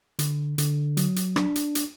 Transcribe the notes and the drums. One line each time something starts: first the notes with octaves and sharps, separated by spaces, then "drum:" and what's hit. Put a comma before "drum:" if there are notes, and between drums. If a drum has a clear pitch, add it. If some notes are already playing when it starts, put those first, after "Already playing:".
D3, drum: hi-hat
D3, drum: hi-hat
F#3, drum: hi-hat
drum: hi-hat
D4, drum: rim click
drum: hi-hat
drum: hi-hat